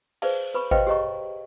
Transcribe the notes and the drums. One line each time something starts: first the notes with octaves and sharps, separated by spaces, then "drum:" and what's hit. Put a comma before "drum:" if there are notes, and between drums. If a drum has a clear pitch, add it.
G#4 B4 C5 D5 F5 A5, drum: cymbal
B4 B5 C#6
G4 B4 C5 D#5 F5 G5, drum: kick G#1
G4 G#4 C#5 D#5 A#5 C#6